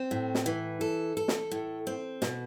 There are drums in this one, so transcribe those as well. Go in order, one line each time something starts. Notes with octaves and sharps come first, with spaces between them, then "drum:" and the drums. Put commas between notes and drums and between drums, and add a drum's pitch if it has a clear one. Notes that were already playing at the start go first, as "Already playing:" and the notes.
Already playing: C4
A2
drum: snare
E3
A4
A4
drum: snare
A2
C4
B2, drum: snare